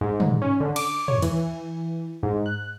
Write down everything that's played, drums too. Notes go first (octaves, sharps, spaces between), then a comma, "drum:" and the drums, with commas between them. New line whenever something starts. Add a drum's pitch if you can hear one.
G#2
drum: tom
C#4
D3
D6, drum: cymbal
C#5, drum: tom
E3, drum: hi-hat
G#2
F#6